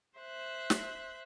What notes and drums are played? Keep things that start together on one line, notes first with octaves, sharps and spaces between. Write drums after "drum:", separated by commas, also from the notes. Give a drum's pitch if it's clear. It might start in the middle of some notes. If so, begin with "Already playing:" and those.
C5 E5 F#6
drum: snare